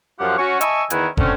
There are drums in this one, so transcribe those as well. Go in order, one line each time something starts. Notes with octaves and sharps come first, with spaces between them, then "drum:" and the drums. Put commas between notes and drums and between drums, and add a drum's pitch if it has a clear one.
F#2 F3 F4 G4 F#5
C#4 F#4 C#6
D#5 E5 G#5 A5 C#6 E6, drum: hi-hat
E2 D#3 E4 F#5 G#5, drum: hi-hat
D3 A3 C4 C#4, drum: kick